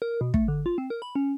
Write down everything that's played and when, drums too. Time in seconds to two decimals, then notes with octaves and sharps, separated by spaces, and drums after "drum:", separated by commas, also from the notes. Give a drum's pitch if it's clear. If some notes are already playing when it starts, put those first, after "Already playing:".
0.02 A#4
0.21 B2
0.34 A3, drum: kick
0.48 D3
0.66 F4
0.78 C4
0.90 A#4
1.02 B5
1.15 C#4